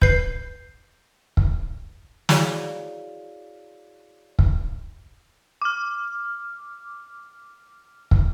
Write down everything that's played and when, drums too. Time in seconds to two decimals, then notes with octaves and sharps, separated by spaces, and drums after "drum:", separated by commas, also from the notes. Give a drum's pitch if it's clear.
0.02 B4 G6 C7, drum: kick
1.37 drum: kick
2.29 E4 F#4 G#4 C#5 D5 F5, drum: snare
4.39 drum: kick
5.62 D6 F6
8.11 drum: kick